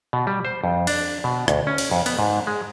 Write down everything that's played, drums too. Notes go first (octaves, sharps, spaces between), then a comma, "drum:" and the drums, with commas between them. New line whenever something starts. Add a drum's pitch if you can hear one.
B2
G3
C5
F2
D4, drum: cymbal
B2
D2, drum: rim click
C#4
drum: cymbal
F2
B3, drum: cymbal
G#2
G#3